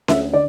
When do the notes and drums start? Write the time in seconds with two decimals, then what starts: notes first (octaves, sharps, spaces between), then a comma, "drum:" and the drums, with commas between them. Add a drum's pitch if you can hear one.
0.08 D2 E5, drum: snare C#4
0.33 D3 D5